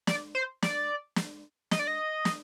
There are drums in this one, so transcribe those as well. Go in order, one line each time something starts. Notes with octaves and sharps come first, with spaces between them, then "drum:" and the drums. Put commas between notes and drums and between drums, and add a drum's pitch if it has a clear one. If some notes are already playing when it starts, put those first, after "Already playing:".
D5, drum: snare
C5
D5, drum: snare
drum: snare
D#5, drum: snare
D5
D#5
drum: snare